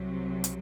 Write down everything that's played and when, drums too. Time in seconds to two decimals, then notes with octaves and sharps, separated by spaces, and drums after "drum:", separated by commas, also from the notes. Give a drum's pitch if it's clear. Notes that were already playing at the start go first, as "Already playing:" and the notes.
Already playing: C2 C3 F#3
0.44 drum: hi-hat